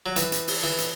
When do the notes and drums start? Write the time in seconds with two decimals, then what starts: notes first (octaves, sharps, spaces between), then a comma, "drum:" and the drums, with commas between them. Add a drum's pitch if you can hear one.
0.06 F#3
0.16 E3, drum: hi-hat
0.32 drum: hi-hat
0.47 drum: open hi-hat
0.63 E3
0.78 drum: hi-hat